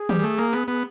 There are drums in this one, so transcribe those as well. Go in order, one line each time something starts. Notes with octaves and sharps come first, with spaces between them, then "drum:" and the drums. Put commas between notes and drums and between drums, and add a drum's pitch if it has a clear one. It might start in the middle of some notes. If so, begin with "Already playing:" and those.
Already playing: G#4
G3, drum: tom D#3
A3
A#3
B3, drum: hi-hat
B3